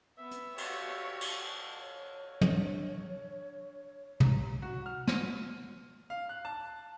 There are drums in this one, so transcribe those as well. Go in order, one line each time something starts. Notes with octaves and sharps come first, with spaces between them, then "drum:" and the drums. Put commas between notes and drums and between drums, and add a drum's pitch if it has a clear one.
B3 E5
drum: hi-hat
F#4 G4 C#5, drum: cymbal
drum: cymbal
C#5
drum: tom
D4
B1 C3 A#5, drum: tom
F#4
F6
D#7, drum: snare
F5
F#6
A5